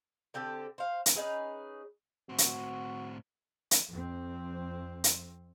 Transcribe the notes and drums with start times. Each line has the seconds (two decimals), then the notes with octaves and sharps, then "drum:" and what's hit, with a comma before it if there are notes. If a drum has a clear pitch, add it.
0.34 D3 C4 G4 A4
0.78 C5 F5
1.06 drum: hi-hat
1.15 C#4 D#4 G#4 B4
2.29 A2 C4 F#4
2.38 drum: hi-hat
3.71 drum: hi-hat
3.93 F2 C4
5.04 drum: hi-hat